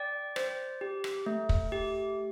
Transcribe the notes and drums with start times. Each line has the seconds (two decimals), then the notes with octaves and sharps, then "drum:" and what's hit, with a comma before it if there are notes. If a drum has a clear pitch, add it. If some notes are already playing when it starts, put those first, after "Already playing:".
Already playing: D5 G5
0.36 C5, drum: rim click
0.81 G4
1.04 drum: rim click
1.26 A3
1.49 drum: kick
1.72 G4